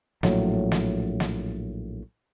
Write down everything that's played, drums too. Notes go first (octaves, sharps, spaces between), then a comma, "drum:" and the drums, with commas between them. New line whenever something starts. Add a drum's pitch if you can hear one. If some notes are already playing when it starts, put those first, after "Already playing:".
A#1 A2 F#3, drum: snare
drum: snare
drum: snare